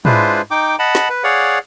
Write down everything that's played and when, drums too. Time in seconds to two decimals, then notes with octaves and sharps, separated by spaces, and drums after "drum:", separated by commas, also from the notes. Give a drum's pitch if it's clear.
0.05 G#3 D4 E4 F4 B4 C5, drum: tom
0.51 D#4 G5 D6
0.79 D#5 F#5 A5 B5
0.95 drum: snare
1.10 B4
1.24 G#4 C#5 D5 F5 F#5